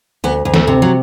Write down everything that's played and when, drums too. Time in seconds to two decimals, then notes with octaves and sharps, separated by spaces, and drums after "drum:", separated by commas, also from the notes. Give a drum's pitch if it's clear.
0.24 D2 B3
0.45 D2
0.54 A3, drum: snare
0.67 C3
0.82 F#3